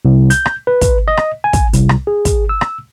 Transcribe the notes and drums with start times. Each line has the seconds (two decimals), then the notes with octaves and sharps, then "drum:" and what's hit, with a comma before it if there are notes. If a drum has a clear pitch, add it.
0.05 C2
0.30 G6, drum: hi-hat
0.45 drum: rim click
0.67 B4
0.81 drum: kick, hi-hat
1.08 D#5
1.17 drum: rim click
1.44 G#5
1.53 drum: kick, hi-hat
1.73 C2, drum: hi-hat
1.89 drum: rim click
2.07 G#4
2.25 drum: kick, hi-hat
2.49 E6
2.61 drum: rim click